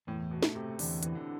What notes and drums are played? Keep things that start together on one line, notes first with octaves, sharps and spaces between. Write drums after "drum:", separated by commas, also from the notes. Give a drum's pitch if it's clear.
E2 A2
B2
A3, drum: snare
C3
E2 D3, drum: open hi-hat
E3, drum: hi-hat
D3